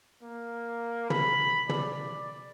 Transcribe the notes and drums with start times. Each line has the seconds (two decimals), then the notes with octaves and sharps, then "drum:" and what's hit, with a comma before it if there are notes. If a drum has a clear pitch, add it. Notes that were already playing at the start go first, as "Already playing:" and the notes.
0.24 A#3
1.10 B5, drum: tom
1.69 D5, drum: tom